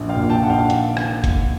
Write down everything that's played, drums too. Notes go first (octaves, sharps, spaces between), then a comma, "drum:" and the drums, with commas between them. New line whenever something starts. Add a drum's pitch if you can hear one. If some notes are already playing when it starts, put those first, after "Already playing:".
Already playing: A#1
F5 G5
A#2
G5 A5
A#1 F#5
F5 G5
drum: hi-hat
drum: rim click
drum: kick, hi-hat